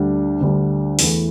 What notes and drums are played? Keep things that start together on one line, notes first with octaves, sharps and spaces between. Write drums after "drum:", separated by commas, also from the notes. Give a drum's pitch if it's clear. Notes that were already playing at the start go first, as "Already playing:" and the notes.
Already playing: D2 D3 G3 D4
D2 D3 G3 D4
E2 E3 A3, drum: open hi-hat